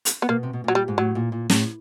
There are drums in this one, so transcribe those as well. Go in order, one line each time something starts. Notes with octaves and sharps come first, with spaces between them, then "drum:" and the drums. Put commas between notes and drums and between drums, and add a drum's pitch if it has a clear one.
drum: hi-hat
B3
B2 A#3
C3
B2
A#2 F#3
G3
G#2
A2 F#3
A#2
A#2
A2, drum: snare